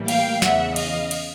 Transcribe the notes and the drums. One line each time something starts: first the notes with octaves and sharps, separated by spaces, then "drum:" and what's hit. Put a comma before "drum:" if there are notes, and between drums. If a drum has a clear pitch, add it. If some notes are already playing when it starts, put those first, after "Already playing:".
Already playing: A2 E3 G3 A#3
F5 G5, drum: cymbal
E2 C#3 E3 E5 F#5, drum: snare
D#5 F5, drum: cymbal
drum: cymbal